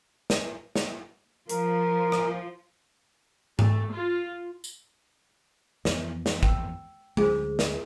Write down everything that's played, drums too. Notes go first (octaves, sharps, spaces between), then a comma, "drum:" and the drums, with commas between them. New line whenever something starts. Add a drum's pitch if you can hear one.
drum: snare
drum: snare
F3 A#4, drum: hi-hat
drum: rim click
A3, drum: tom G#2
F4
drum: tambourine
F2 E3 B3, drum: snare
drum: snare
G5 E6, drum: kick
D2 G#3 C#4 G#4 C5, drum: tom G#3
drum: snare